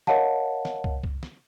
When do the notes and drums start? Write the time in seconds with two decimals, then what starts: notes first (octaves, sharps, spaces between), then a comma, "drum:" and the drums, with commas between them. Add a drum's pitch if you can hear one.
0.07 A#4 C#5 D#5 F5 F#5 A5, drum: snare
0.65 drum: snare
0.84 drum: kick
1.03 drum: kick
1.23 drum: snare